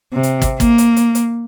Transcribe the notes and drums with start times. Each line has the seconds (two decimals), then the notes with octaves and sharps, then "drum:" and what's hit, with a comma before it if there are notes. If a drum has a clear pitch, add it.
0.14 C3
0.23 drum: hi-hat
0.42 drum: kick, hi-hat
0.60 A#3, drum: kick, hi-hat
0.78 drum: hi-hat
0.96 drum: hi-hat
1.15 drum: hi-hat